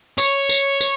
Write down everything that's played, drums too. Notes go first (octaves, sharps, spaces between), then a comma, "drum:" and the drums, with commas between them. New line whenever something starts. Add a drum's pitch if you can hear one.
C#5, drum: tambourine
drum: tambourine
drum: tambourine